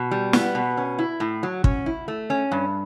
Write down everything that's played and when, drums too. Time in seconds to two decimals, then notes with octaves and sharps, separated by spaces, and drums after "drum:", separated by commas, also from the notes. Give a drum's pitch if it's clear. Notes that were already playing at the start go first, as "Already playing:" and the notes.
Already playing: B2
0.11 G3
0.33 B3, drum: snare
0.55 B2
0.77 C#4
0.99 E4
1.20 A2
1.43 F#3
1.64 C#4, drum: kick
1.86 E4
2.08 A3
2.30 C#4
2.52 G2